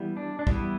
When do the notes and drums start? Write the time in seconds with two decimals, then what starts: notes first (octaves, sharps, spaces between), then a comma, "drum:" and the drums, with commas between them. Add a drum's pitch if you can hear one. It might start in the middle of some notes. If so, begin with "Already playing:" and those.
Already playing: E3 G3 B3
0.17 D4
0.39 D4
0.47 E3 G3 B3 E4, drum: kick